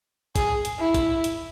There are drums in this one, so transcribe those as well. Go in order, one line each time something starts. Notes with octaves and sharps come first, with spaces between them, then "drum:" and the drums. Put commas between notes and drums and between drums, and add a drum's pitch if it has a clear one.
G#4, drum: kick, hi-hat
drum: hi-hat
E4
drum: kick, hi-hat
drum: hi-hat